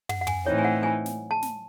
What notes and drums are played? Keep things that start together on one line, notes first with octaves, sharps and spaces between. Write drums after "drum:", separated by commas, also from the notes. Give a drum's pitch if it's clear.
F#5, drum: tom
F#5
G#5, drum: tom
A2 E3 C4 D#4 C#5
G#5
F#5
G#5
drum: snare
A5
drum: snare